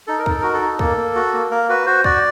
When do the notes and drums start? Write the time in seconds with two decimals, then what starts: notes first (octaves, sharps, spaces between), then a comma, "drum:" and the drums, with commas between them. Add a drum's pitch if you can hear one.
0.07 D#4 A4
0.19 A#4
0.26 D#4 A4, drum: kick
0.41 F#4 A#4
0.54 A4
0.61 D#4
0.79 A#3 A4, drum: kick
0.97 A#3
1.15 F#4
1.33 A#3
1.51 A#3 A#4
1.69 F#4 B4
1.86 F#4 C5
2.04 F#4 D5, drum: kick